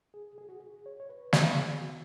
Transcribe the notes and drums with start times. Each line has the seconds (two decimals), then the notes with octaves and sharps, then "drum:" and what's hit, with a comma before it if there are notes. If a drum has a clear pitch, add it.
0.14 G#4
0.38 G#4
0.49 F#4
0.60 G#4
0.86 C#5
1.00 C#5
1.09 B4
1.33 D#3 B3 G#4, drum: snare
1.81 F#4